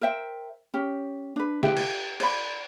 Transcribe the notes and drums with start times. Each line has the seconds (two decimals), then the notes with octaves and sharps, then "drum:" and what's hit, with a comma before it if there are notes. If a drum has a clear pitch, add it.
0.01 A#4 C5 E5 G5
0.74 C#4 G4
1.36 D4 B4
1.63 G4 B4 E5 G5, drum: snare
1.77 drum: cymbal
2.20 C5 D5 B5, drum: cymbal